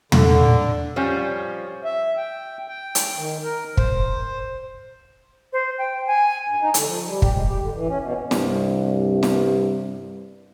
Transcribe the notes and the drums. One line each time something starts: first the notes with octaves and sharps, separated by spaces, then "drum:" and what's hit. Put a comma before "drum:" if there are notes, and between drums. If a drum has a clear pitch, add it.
D3, drum: tom
F3 G3 C#4
E5
G5
G5
drum: hi-hat
D#3
A#4
C5, drum: kick
C5
G5
G#5
G2
D#4
D3, drum: hi-hat
F3
G3
G4, drum: kick
G#3
G4
D3
E3
C#4
B2
C2 G2, drum: snare
drum: snare